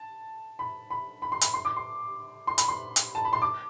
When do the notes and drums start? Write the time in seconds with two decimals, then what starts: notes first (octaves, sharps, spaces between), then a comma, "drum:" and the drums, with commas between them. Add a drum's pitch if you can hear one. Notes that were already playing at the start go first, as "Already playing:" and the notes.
Already playing: A5
0.59 B5
0.90 B5
1.22 B5
1.32 C6
1.41 B5, drum: hi-hat
1.54 C6
1.65 D6
1.76 C6
2.47 C6
2.58 B5, drum: hi-hat
2.68 C6
2.96 drum: hi-hat
3.15 A5
3.25 B5
3.33 C6
3.42 D6